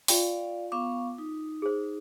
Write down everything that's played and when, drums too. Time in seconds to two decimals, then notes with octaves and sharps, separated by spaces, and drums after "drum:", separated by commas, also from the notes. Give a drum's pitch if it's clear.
0.08 F4 D5 F5 G5 C#6, drum: open hi-hat
0.72 B3 F5 C#6 D6
1.18 D#4
1.62 G#4 C5